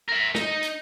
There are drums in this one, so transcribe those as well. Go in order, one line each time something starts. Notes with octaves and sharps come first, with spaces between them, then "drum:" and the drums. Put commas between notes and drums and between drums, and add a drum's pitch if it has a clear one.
A#4 E5
D#4, drum: snare
drum: hi-hat